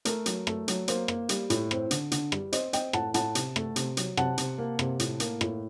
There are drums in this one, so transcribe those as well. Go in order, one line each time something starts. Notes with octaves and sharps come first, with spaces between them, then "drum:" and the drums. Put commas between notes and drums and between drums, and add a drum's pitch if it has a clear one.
A3 A#4, drum: hi-hat
F#3, drum: hi-hat
A3, drum: rim click
F#3, drum: hi-hat
A#3 C5, drum: hi-hat
A#3, drum: rim click
G3, drum: hi-hat
A2, drum: hi-hat
C4, drum: rim click
D3, drum: hi-hat
D3, drum: hi-hat
G3, drum: rim click
C4 C5 D#5, drum: hi-hat
C4 D#5 G5, drum: hi-hat
A2 F#5 A5, drum: rim click
A2 F#5 A5, drum: hi-hat
C3, drum: hi-hat
A3, drum: rim click
C3, drum: hi-hat
F#3, drum: hi-hat
C3 F#5 A5, drum: rim click
C3, drum: hi-hat
A#3
C3, drum: rim click
A2, drum: hi-hat
A#3, drum: hi-hat
A2, drum: rim click